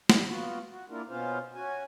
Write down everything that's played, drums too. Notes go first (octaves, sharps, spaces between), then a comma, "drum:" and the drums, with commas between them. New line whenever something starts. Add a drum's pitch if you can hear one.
G3, drum: snare
B3 F4 F#4
F#4
A#3 D4 E4 F4 A#4
B2 B3 C#4 F4 C5 F5
C#4 F#4 G#5